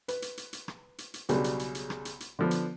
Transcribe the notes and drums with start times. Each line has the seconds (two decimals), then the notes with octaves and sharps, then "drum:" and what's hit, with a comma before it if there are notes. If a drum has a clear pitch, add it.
0.08 B4, drum: hi-hat
0.22 drum: hi-hat
0.37 drum: hi-hat
0.53 drum: hi-hat
0.68 drum: rim click
0.98 drum: hi-hat
1.14 drum: hi-hat
1.29 B1 C#3 G3 B3 D4, drum: hi-hat
1.44 drum: hi-hat
1.59 drum: hi-hat
1.75 drum: hi-hat
1.90 drum: rim click
2.05 drum: hi-hat
2.20 drum: hi-hat
2.39 D3 F3 B3
2.51 drum: hi-hat